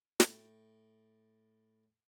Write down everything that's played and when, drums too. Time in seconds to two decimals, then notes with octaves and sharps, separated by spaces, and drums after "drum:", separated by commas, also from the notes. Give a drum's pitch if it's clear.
0.20 A2 G5, drum: snare